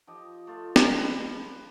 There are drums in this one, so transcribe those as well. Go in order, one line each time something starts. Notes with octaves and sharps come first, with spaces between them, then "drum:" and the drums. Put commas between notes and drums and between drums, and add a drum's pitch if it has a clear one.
F3 G4 D#5
A3 F4
drum: snare
B4